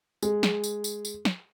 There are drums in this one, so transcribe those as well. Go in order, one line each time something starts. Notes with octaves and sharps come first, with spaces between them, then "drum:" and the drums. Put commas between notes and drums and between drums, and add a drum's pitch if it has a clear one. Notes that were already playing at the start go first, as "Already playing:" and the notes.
G#3, drum: tambourine
drum: snare
drum: tambourine
drum: tambourine
drum: tambourine
drum: snare